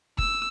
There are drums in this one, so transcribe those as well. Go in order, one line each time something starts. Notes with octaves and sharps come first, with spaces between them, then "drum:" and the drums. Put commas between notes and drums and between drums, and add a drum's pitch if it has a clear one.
E6, drum: kick F#1